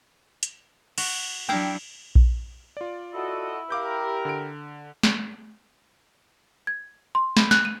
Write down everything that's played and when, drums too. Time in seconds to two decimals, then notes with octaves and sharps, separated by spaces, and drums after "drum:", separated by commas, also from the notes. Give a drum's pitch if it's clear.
0.43 drum: hi-hat
0.98 F#4, drum: cymbal
1.49 F#3 D4 E4 F5 G5 A#5
2.15 drum: kick A#1
2.77 F4 D5
3.14 E4 F#4 A4 D#5
3.71 G4 A#4 F5 D6 G6
4.25 D3 D7
5.03 drum: snare
6.67 G#6
7.15 C6
7.37 B5, drum: snare
7.51 F#6, drum: snare
7.65 D#7